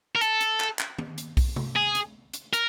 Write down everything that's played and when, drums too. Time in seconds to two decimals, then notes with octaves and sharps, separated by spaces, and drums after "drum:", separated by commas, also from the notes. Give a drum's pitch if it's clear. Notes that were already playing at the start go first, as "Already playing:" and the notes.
0.15 A#4
0.21 A4, drum: hi-hat
0.41 drum: hi-hat
0.60 drum: clap
0.79 drum: clap
0.98 drum: tom
1.18 drum: hi-hat
1.37 drum: kick B1, open hi-hat
1.56 drum: tom C3
1.76 G#4
1.95 drum: hi-hat
2.33 drum: hi-hat
2.53 A#4, drum: hi-hat